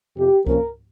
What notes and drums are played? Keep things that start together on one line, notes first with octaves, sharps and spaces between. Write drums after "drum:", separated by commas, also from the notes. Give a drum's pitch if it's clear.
F2 C3 F3 G4
C3 F3 A#3 C#4 A#4, drum: kick C#2